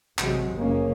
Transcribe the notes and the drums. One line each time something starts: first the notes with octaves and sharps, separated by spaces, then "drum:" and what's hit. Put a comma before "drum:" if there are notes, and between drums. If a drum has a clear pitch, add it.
A1 C3 F#3 G#3, drum: clap
F#1 C#3 A#3 C#4